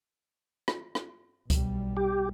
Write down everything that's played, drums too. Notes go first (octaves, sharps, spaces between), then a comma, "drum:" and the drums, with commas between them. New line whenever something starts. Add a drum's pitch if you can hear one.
drum: rim click
drum: rim click
B1 G3, drum: kick C#2, hi-hat
G4